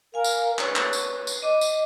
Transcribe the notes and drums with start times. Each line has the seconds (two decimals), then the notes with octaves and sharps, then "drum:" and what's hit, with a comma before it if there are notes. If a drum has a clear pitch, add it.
0.14 A#4 F5 G#5
0.24 drum: tambourine
0.59 B4 C#5 C#6, drum: clap
0.76 drum: clap
0.93 drum: tambourine
1.27 drum: tambourine
1.43 D#5 D6
1.61 drum: tambourine